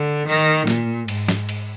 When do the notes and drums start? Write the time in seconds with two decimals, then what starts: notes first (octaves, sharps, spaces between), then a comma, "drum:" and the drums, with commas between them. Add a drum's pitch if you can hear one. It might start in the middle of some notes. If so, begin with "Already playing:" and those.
Already playing: D3
0.27 D#3
0.67 A#2, drum: snare
1.08 G#2, drum: cymbal
1.28 drum: snare
1.49 drum: cymbal